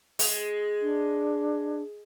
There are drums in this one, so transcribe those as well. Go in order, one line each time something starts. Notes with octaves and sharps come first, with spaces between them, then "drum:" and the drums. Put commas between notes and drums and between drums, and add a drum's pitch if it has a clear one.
G#3, drum: open hi-hat
D4